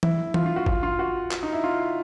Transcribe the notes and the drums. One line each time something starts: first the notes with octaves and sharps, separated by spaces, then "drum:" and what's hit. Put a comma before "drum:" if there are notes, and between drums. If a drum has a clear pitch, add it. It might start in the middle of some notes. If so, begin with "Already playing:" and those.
E4, drum: tom E3
F4, drum: tom E3
F4
F#4
F4, drum: kick G1
F4
F#4
drum: clap
D#4
E4
F4